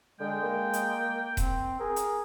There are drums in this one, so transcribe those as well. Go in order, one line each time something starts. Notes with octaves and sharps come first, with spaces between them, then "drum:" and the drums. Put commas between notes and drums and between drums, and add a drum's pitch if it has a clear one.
D3 G#3 G5
A#3
drum: hi-hat
C4, drum: kick D#1, hi-hat
G#4 A#4
drum: hi-hat